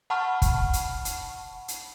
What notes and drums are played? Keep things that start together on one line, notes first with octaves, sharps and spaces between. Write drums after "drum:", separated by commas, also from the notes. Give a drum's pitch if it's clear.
F#5 A5 B5 C#6 F6
drum: kick, hi-hat
drum: hi-hat
drum: hi-hat
drum: hi-hat